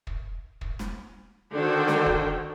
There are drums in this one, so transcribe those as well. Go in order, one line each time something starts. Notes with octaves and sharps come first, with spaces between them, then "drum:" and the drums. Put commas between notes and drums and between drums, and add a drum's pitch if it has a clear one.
drum: kick
drum: kick
drum: snare
D3 D#3 F#4 A4 C5 G5
drum: snare
drum: kick